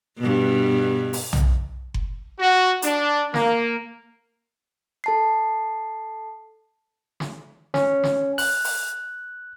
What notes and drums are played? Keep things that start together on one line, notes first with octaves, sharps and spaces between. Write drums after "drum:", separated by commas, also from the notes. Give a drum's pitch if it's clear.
G2 B2
drum: open hi-hat
drum: tom B1
drum: kick F#1
F#4
D4, drum: hi-hat
A#3, drum: snare
A4 A5 C7
drum: snare
C#4, drum: snare
drum: snare
F#6, drum: open hi-hat
drum: open hi-hat